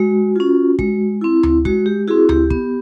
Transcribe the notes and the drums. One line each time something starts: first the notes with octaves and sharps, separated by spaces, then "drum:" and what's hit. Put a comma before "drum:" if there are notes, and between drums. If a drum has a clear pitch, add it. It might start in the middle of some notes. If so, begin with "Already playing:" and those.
Already playing: G#3 F#4
C#4 F4
G#3, drum: kick
C4 E4
drum: tom D2
G#3 F#4, drum: kick
G4
C4 E4 F#4 G#4
G4, drum: tom D2
B3, drum: kick